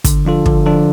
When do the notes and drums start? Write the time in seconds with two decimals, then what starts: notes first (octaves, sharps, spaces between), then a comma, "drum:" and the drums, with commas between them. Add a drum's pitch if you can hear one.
0.04 D3, drum: kick, hi-hat
0.25 F3 D4 F4 A4
0.46 D3, drum: kick
0.66 F3 D4 F4 A4